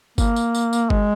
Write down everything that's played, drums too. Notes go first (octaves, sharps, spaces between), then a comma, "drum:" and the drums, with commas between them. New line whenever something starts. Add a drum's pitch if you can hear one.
A#3, drum: kick G1, tambourine
drum: tambourine
drum: tambourine
drum: tambourine
G#3, drum: kick G1